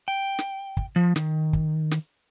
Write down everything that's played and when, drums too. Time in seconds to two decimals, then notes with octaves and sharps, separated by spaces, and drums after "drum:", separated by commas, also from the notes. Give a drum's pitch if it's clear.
0.08 G5
0.39 drum: snare
0.77 drum: kick
0.96 F3
1.16 D#3, drum: snare
1.53 drum: kick
1.91 drum: snare